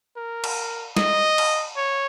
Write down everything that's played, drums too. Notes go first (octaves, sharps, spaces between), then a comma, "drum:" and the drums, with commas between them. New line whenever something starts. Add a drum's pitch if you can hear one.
A#4
drum: cymbal
D#5, drum: snare
drum: cymbal
C#5